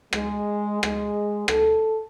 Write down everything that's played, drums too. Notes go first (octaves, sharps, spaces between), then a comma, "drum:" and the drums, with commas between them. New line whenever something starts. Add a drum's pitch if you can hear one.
G#3, drum: rim click
G#3, drum: rim click
A4, drum: rim click